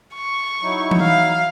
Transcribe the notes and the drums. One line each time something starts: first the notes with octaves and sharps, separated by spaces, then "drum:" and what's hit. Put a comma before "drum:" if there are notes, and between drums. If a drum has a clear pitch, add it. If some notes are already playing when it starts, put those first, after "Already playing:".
C#6
F#3 D#4 E4
drum: tom E3
F5